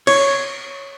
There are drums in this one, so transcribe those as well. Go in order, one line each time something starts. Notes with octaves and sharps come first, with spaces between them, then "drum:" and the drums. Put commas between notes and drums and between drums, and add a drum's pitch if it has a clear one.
C#5, drum: cymbal